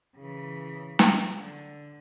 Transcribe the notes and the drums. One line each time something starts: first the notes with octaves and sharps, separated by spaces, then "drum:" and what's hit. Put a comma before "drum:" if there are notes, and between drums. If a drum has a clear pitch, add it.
C#3 E3
drum: snare
D3